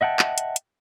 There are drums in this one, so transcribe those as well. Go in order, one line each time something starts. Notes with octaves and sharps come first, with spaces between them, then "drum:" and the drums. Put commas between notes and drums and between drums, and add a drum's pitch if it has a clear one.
D#5 E5 F#5 G5 A5
drum: clap
drum: hi-hat
drum: hi-hat